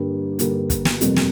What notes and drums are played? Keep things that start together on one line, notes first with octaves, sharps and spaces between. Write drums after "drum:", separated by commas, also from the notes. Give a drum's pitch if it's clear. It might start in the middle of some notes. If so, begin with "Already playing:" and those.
Already playing: G2 D3 G3 A#3
G2 D3 G3 A#3, drum: hi-hat
drum: kick, hi-hat
drum: snare
G1 F2 C3 G3 A#3, drum: hi-hat
drum: snare